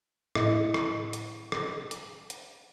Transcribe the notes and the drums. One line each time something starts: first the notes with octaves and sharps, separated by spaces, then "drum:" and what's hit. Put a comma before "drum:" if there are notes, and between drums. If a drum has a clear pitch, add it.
A2 E4 D#5 C#7, drum: rim click
drum: rim click
drum: hi-hat
drum: rim click
drum: hi-hat
drum: hi-hat